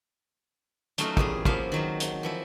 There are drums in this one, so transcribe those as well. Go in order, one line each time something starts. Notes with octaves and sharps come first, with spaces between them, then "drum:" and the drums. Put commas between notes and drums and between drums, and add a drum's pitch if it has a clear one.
F#3 A3 C#4 D#4 F4 F#4, drum: hi-hat
E2 A#2 G3 G#4, drum: kick
F3 A#3 B3 E5 F5, drum: kick
D#3 F#3 C4
drum: hi-hat
E3 F3 E4